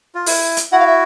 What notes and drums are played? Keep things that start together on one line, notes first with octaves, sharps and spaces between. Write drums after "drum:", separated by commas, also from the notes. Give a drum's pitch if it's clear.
F4
E4, drum: open hi-hat
drum: hi-hat
E4 F#4 F#5
F5
E5